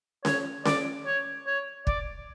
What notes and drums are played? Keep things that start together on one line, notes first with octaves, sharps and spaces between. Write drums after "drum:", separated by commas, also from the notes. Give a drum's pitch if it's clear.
C#5, drum: snare C#4
D5, drum: snare C#4
C#5
C#5
D5, drum: kick